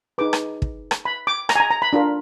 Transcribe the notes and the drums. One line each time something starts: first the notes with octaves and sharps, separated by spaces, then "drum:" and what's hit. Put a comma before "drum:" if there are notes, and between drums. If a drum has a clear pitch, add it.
D#4 G#4 B4 D6
drum: rim click
drum: kick
drum: rim click
B5
D6
A#5, drum: rim click
G#5
A#5
A#5
B5
D4 F4 A#4